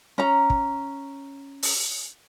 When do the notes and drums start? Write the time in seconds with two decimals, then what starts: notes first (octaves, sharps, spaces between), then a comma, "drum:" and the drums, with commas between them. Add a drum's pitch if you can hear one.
0.18 C#4 A#5
0.50 drum: kick
1.63 drum: open hi-hat